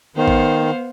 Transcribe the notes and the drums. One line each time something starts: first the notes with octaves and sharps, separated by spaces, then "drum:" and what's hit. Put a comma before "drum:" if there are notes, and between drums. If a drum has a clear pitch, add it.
D#3 B3 C5 F5
drum: kick A1